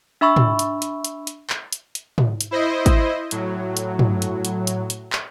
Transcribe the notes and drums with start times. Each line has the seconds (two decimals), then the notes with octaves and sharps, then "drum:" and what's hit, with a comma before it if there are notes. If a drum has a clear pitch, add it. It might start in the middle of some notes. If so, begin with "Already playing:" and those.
0.21 D4 E5 B5 C#6 E6
0.36 drum: tom
0.59 drum: hi-hat
0.82 drum: hi-hat
1.04 drum: hi-hat
1.27 drum: hi-hat
1.50 drum: clap
1.73 drum: hi-hat
1.95 drum: hi-hat
2.18 drum: tom
2.41 drum: hi-hat
2.51 E4 C5 D#5
2.86 drum: kick, hi-hat
3.31 A2 F#3, drum: hi-hat
3.77 drum: hi-hat
3.99 drum: tom
4.22 drum: hi-hat
4.45 drum: hi-hat
4.67 drum: hi-hat
4.90 drum: hi-hat
5.13 drum: clap